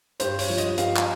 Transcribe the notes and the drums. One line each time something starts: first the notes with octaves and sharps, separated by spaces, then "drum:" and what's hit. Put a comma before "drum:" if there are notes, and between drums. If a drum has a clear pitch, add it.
G2 C5, drum: hi-hat
C#5, drum: open hi-hat
F3
D#5, drum: hi-hat
G2 F5, drum: hi-hat
drum: clap